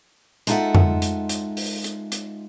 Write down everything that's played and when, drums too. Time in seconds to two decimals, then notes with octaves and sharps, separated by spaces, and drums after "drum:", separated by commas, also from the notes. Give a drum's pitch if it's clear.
0.47 G#3 D#4 F4 A4 E5 F#5, drum: hi-hat
0.75 drum: tom F2
1.02 drum: hi-hat
1.29 drum: hi-hat
1.57 drum: open hi-hat
1.84 drum: hi-hat
2.12 drum: hi-hat